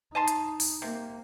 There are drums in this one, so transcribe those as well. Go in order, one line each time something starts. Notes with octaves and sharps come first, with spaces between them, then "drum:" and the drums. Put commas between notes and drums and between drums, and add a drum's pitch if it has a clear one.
D#4 D#5 A5 C6
drum: hi-hat
drum: open hi-hat
C3 A#3